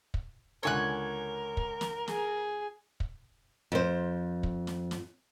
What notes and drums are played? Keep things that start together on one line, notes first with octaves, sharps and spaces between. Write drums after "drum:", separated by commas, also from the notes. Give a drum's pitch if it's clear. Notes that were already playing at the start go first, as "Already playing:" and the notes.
drum: kick
C#2 D3 A#4 C#5 G#5 C#6 F#6
drum: kick
drum: snare
G#4, drum: snare
drum: kick
F2 C5
drum: kick
drum: snare
drum: snare